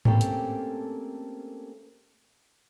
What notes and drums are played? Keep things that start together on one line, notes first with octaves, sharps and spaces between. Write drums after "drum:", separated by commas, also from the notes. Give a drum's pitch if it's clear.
A3 A#3 C4 C#4 G4 A4, drum: tom G#2
drum: hi-hat